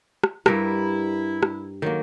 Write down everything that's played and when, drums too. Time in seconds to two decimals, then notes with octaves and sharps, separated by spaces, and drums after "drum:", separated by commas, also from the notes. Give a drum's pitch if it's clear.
0.24 drum: rim click
0.46 G2 G3 E4 A#4, drum: rim click
1.43 drum: rim click
1.82 D#3 F#3 A#3